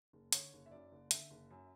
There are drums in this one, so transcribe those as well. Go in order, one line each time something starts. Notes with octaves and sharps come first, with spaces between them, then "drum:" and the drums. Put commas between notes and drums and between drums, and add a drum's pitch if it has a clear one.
F#1
D3 C#5, drum: hi-hat
F#1
E5
F#2 D5
F#1
D3 E5, drum: hi-hat
F#1
F#2